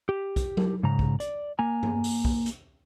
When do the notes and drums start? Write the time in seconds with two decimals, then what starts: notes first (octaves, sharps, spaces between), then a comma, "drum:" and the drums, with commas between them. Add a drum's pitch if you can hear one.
0.09 G4
0.36 drum: kick B1, hi-hat
0.57 drum: tom F#3
0.83 G#2 C#3 A#5
0.99 drum: kick B1
1.20 D5, drum: hi-hat
1.59 A#3 G#5 A#5
1.83 drum: tom G2
2.04 drum: open hi-hat
2.25 drum: kick B1
2.46 drum: hi-hat